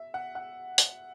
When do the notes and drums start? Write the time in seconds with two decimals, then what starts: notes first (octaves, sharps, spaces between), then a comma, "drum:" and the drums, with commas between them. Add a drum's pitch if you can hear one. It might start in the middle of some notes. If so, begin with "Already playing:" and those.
Already playing: E5
0.14 F#5
0.35 F#5
0.78 F#5, drum: hi-hat